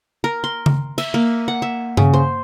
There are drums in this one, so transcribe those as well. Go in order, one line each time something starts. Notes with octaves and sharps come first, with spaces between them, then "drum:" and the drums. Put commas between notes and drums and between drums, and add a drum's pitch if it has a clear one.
A#4
C6
drum: tom C#3
E5, drum: cymbal
A#3
F#5
E5
C#3, drum: tom G2
C5